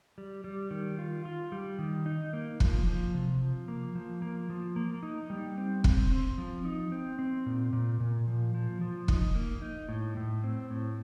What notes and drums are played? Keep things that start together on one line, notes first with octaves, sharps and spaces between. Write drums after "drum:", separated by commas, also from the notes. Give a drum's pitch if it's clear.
G3
G3
D#3
F4
F4
G3
D#3
D#4
A#3
F3, drum: kick F1
F3
C3
F3
A#3
F3
A#3
F3
A#3
D#4
G3
C4
C4, drum: kick F1
C4
F3
D#4
C4
C4
A#2
A#2
A#2
F3
F3
F3
D#4, drum: kick F1
A#3
D#4
A2
A2
C4
A2